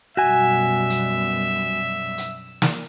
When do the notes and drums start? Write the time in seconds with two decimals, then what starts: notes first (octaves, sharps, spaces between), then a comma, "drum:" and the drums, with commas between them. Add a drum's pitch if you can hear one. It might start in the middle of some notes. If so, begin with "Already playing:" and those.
0.17 F#2 B2 G3 F#4 E5 G#5
0.90 drum: hi-hat
2.18 drum: hi-hat
2.62 drum: snare